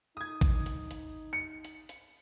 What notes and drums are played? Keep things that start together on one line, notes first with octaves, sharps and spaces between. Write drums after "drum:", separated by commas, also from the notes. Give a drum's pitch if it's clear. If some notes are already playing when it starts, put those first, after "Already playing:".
D#4 D#6 G#6
drum: kick A1, hi-hat
drum: hi-hat
drum: hi-hat
C#7
drum: hi-hat
drum: hi-hat